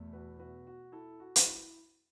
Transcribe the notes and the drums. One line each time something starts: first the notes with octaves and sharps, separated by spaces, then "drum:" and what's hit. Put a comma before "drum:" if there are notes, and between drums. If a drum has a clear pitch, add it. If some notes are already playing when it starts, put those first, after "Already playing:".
Already playing: E2 B2 A3
F#4 B4
F#4 B4
F#4
E4 A4
F#4
drum: hi-hat
E4